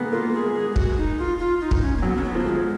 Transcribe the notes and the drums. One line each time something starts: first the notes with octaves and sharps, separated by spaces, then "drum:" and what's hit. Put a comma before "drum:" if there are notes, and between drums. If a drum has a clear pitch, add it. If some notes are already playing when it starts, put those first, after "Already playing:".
Already playing: G#3 A#3 B3
A#3 F4
G#4
G#3
G#4
G#4
F#4, drum: kick
D#4
F4
F4
D#4
drum: kick
C#4
A#3
F#3 B3
C#4
B3
F3 F#3
G#3